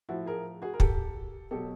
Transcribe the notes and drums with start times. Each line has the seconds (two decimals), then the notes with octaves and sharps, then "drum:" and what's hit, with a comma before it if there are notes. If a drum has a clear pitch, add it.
0.09 A2 F3 E4 F#4
0.26 G#4 A#4
0.62 F#4 G#4
0.74 A#4
0.80 G4 A4, drum: kick
1.51 B2 F#3 G4 A4